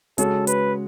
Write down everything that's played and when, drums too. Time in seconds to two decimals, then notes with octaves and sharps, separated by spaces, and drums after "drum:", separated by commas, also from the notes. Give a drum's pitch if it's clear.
0.18 C#3 G#3 C#4 F#4 A4 C#5, drum: hi-hat
0.47 B4, drum: hi-hat